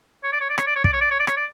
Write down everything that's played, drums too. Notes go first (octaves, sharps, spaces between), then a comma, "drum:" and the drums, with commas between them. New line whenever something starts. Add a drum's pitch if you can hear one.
C#5
D5
C#5
D5
C#5, drum: rim click
D5
C#5
D5, drum: kick
C#5
D5
C#5
D5
C#5, drum: rim click
D5